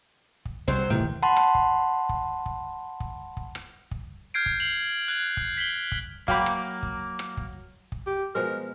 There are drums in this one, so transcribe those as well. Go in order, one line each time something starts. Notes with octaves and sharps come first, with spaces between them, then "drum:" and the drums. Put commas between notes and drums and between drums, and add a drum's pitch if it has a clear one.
drum: kick
C2 F#3 C4 C5
A2 C3 D#3 E3
drum: kick
F#5 A5 B5 C6
drum: rim click
drum: kick
drum: kick
drum: kick
drum: kick
drum: kick
drum: rim click
drum: kick
F6 G6 G#6 C7 D7
drum: kick
C7 F7 F#7
F#6 G#6 F#7
drum: kick
B6 F#7 G7
drum: kick
F#3 A#3 F5 G5 B5 D6, drum: kick
drum: rim click
drum: kick
drum: rim click
drum: kick
drum: kick
G4
B2 F3 G#3 A#4